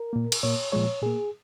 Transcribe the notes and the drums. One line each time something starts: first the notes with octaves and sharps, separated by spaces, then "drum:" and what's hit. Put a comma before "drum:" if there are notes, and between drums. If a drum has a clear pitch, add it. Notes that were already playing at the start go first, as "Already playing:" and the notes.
Already playing: A#4
A#2 A#3
drum: cymbal
A#2 A#3 C#5
A#2 F3 G#3 C#5
A#2 A#3 G#4